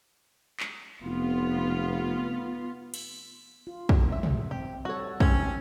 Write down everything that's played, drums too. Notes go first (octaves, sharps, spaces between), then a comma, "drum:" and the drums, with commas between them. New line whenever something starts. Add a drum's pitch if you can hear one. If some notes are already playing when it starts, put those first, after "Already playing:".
drum: clap
F1 B3 F4
drum: cymbal
F4
drum: kick
E5
drum: tom
C4 G4
G3 F#4 A4 C#5
C#4 G4 C5, drum: kick